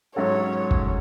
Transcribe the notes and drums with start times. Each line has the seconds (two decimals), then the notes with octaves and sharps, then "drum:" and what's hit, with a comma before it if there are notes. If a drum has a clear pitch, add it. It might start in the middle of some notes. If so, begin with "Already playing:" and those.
0.16 G#2 F#3 C#4 F#4 A4 C#5
0.71 drum: kick